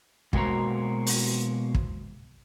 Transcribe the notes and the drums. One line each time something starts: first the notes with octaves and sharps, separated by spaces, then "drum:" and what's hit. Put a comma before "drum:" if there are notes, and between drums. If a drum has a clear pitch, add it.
B2 G#3 A#3 F#4 C5 A#5, drum: kick
drum: open hi-hat
drum: kick